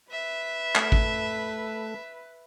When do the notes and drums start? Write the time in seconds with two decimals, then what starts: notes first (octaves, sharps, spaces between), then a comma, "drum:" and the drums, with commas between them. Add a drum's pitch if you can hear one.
0.12 B4 E5
0.76 A3, drum: clap
0.92 drum: kick